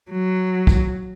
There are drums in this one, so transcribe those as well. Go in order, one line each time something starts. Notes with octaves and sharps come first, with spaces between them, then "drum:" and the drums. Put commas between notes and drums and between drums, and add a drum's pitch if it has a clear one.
F#3
drum: kick